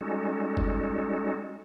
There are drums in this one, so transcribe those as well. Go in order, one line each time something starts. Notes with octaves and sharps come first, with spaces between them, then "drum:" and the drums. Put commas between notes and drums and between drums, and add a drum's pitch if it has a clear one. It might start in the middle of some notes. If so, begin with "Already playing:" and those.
G3 G#3 C#4 D#4 F#4 A4
drum: kick G1